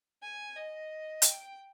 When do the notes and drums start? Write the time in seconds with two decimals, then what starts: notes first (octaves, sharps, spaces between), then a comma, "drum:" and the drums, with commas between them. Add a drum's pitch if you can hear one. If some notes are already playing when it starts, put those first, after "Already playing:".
0.23 G#5
0.56 D#5
1.22 G5, drum: hi-hat